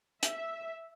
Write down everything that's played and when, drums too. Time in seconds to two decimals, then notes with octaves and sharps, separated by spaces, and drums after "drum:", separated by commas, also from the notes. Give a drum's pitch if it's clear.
0.23 E5, drum: hi-hat